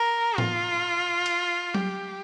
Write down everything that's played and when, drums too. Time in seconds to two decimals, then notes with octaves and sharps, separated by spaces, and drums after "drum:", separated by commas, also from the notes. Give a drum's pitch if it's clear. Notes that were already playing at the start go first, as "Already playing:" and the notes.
Already playing: A#4
0.38 F4, drum: tom A2
1.26 drum: cymbal
1.75 G4, drum: tom F#3